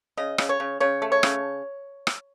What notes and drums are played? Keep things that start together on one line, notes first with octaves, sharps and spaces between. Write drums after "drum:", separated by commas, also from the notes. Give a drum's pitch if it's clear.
C#3 D#5
C#3, drum: rim click
C#5
C#3
C#3 C#5
A3
C#5
C#3, drum: rim click
drum: rim click